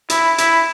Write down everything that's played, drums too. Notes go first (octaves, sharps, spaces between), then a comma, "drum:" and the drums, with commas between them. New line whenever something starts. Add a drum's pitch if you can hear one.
E4, drum: hi-hat
E4, drum: hi-hat